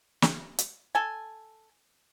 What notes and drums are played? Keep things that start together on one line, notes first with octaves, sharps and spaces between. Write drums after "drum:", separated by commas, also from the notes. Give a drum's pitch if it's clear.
drum: snare
drum: hi-hat
A4 G#5